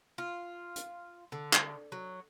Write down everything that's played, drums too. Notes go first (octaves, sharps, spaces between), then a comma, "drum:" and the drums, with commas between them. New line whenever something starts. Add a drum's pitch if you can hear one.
F4
drum: hi-hat
D3
drum: clap
F#3